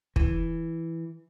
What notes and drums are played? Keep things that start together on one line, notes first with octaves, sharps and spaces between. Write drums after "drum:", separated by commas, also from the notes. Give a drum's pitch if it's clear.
E3, drum: kick